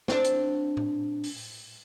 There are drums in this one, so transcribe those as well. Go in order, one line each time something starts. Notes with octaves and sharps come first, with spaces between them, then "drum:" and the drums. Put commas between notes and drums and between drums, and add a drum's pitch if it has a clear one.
C4 D4, drum: snare
drum: hi-hat
drum: tom A2
drum: open hi-hat